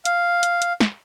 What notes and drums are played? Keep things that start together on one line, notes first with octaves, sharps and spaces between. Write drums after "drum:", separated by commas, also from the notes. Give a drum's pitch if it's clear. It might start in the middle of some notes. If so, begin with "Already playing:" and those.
F5, drum: hi-hat
drum: hi-hat
drum: hi-hat
drum: snare